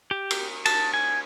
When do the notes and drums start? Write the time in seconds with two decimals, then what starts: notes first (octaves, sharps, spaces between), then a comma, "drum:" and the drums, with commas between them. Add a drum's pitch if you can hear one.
0.11 G4
0.31 drum: cymbal
0.66 A5, drum: cymbal
0.94 G#5